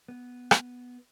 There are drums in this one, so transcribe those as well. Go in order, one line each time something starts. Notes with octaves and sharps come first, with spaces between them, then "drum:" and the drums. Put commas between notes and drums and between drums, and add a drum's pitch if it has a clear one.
B3
drum: rim click